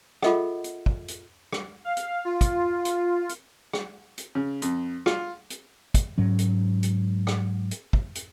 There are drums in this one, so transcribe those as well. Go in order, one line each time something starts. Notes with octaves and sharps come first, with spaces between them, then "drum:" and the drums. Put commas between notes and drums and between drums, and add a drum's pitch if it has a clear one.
F4 G#4 A4 D#5 E5 F#5, drum: rim click
drum: hi-hat
drum: kick
drum: hi-hat
drum: rim click
F5
drum: hi-hat
F4
drum: kick, hi-hat
drum: hi-hat
drum: hi-hat
drum: rim click
drum: hi-hat
C#3
F2, drum: hi-hat
F4, drum: rim click
drum: hi-hat
drum: kick, hi-hat
G#2 F#3 C#4
drum: hi-hat
drum: hi-hat
drum: rim click
drum: hi-hat
drum: kick
drum: hi-hat